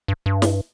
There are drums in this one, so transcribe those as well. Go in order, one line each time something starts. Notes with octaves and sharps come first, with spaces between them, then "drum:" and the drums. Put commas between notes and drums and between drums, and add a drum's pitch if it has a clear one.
G2
G2
drum: snare